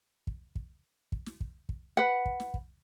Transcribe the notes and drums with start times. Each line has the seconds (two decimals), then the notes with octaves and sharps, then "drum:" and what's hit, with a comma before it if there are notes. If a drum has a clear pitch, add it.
0.27 drum: kick
0.55 drum: kick
1.12 drum: kick
1.26 drum: snare
1.41 drum: kick
1.69 drum: kick
1.97 B4 F#5
2.26 drum: kick
2.40 drum: snare
2.54 drum: kick